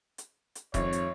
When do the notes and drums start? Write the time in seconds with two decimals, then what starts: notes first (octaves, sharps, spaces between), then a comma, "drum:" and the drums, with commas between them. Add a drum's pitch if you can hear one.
0.18 drum: hi-hat
0.55 drum: hi-hat
0.74 G#1 F2 C#5, drum: kick D#1, hi-hat
0.93 drum: hi-hat